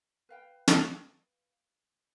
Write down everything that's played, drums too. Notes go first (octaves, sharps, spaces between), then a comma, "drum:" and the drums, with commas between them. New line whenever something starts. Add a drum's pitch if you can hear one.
B4 F5 G5
drum: snare